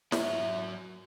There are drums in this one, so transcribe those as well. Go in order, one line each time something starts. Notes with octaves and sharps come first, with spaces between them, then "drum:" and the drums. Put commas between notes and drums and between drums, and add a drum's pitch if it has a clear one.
F#3 E5, drum: snare